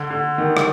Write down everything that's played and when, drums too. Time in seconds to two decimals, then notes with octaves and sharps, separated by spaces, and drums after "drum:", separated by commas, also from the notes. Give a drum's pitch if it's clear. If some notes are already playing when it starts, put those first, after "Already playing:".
Already playing: D3
0.11 D3
0.38 D#3
0.57 drum: rim click